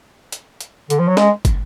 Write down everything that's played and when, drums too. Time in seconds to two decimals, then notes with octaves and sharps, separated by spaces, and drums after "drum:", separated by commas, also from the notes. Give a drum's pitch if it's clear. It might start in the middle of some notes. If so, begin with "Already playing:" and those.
0.32 drum: hi-hat
0.61 drum: hi-hat
0.90 D3, drum: hi-hat
0.99 F3
1.08 F#3
1.17 G#3, drum: snare
1.45 drum: kick, hi-hat